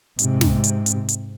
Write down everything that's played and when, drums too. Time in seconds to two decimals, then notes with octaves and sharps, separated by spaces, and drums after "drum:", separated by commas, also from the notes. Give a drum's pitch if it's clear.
0.19 G#2 C3, drum: hi-hat
0.41 drum: snare
0.64 drum: hi-hat
0.86 drum: hi-hat
1.08 drum: hi-hat